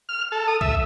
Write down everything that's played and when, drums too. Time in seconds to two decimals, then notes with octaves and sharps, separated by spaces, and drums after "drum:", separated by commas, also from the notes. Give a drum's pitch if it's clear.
0.09 F6
0.32 A4
0.48 D#6
0.61 E5, drum: kick B1